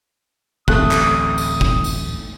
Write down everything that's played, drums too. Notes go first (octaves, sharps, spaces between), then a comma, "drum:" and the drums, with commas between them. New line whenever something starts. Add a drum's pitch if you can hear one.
D1 A1 C3 A3 D#6 F#6, drum: kick
drum: clap
drum: tambourine
drum: kick
drum: tambourine